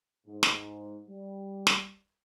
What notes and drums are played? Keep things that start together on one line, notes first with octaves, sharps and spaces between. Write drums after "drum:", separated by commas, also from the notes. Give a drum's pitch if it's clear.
G#2
drum: snare
G3
drum: snare